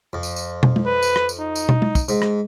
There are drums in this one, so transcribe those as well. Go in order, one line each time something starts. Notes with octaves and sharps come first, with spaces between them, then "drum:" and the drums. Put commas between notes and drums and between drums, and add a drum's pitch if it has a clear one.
F2
drum: tambourine
drum: tambourine
drum: tom
drum: tom G#3
B4
drum: tambourine
drum: rim click
drum: tambourine
D#4
drum: tambourine
drum: tom
drum: tom G#3
drum: kick, tambourine
G#2, drum: tambourine
drum: rim click